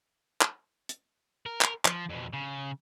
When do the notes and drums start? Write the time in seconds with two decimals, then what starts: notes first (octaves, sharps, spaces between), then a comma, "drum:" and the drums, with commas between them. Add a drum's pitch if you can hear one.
0.41 drum: clap
0.89 drum: hi-hat
1.46 A#4
1.61 drum: clap
1.85 F3, drum: clap
2.09 F2 B2
2.33 C#3